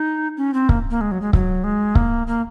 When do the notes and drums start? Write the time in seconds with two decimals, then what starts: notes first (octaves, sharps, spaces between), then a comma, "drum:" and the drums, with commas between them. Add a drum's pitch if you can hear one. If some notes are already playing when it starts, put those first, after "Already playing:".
Already playing: D#4
0.37 C#4
0.54 C4
0.69 A#3, drum: kick C#1
0.91 A#3
1.01 G#3
1.12 F#3
1.21 G#3
1.33 F#3, drum: kick C#1
1.64 G#3
1.95 A#3, drum: kick C#1
2.27 A#3